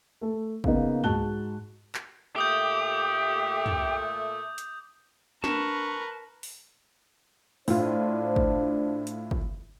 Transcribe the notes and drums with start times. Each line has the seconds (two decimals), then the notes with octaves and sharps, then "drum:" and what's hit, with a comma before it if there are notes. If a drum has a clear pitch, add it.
0.21 A3 A4
0.64 C#3 A#3 B3 D#4, drum: kick
1.04 G#2 F#4 A5 F#6 G7, drum: tom
1.95 drum: clap
2.36 A#2 A3 G4 D6 D#6 G6
3.66 drum: tom
4.58 drum: hi-hat
5.44 D4 A#4 B4 A5 C#6, drum: snare
6.43 drum: open hi-hat
7.68 A2 D4 F4 C5, drum: open hi-hat
8.36 drum: kick
9.07 drum: hi-hat
9.31 drum: kick